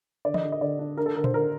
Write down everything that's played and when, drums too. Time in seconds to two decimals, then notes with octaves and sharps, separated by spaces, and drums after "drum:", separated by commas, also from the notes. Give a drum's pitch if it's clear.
0.25 D3 D5
0.34 D#5, drum: tom
0.43 D3
0.52 D#5
0.61 D3 D5
0.79 D4
0.97 D4 A#4
1.06 A4
1.16 D3 A#4
1.24 C5, drum: tom A#2
1.34 D3 A#4